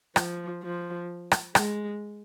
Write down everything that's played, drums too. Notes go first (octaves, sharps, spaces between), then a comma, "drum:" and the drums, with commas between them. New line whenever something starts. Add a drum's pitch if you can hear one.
F3, drum: rim click
F3
drum: rim click
G#3, drum: rim click